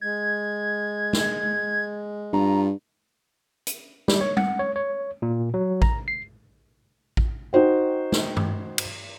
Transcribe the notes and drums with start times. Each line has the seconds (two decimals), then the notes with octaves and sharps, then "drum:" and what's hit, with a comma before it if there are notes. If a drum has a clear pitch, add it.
0.01 G#3 G#6
1.13 drum: snare
2.33 G2 F4 A#5
3.67 drum: hi-hat
4.08 G3, drum: snare
4.21 C#5
4.37 F#5, drum: tom G3
4.59 C#5
4.76 C#5
5.22 A#2
5.54 F#3
5.82 A#5, drum: kick A1
6.08 C7
7.17 drum: kick A1
7.53 D#4 F#4 C5 G5
8.12 drum: snare
8.37 drum: tom G2
8.78 drum: cymbal